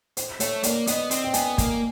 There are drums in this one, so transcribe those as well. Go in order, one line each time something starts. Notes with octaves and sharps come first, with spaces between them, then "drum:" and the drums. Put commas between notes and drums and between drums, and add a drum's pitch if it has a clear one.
C5, drum: hi-hat
A3 C#5, drum: hi-hat
A#3 D5, drum: hi-hat
B3 D#5, drum: hi-hat
C4, drum: hi-hat
G5
B3 G#5, drum: hi-hat
A#3, drum: kick, hi-hat